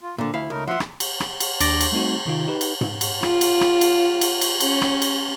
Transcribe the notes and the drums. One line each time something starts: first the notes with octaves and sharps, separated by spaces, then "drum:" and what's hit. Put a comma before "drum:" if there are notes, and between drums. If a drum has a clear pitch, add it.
F4
A#2 D3 F3
D2 E4 F5
C#2 A3 D#4 A#4
F3 F4 E5 F#5 C6
drum: rim click
drum: cymbal
drum: rim click
drum: cymbal
D#2 D4 D6 A6 A#6, drum: cymbal
drum: cymbal
G3 A3 C4 D#4 F#4
C3 D#3 D#4 F4
D#4 G4 B4
drum: cymbal
drum: tom G#2
drum: cymbal
F4, drum: rim click
drum: cymbal
drum: rim click
drum: cymbal
drum: cymbal
drum: cymbal
C#4, drum: cymbal
drum: rim click
drum: cymbal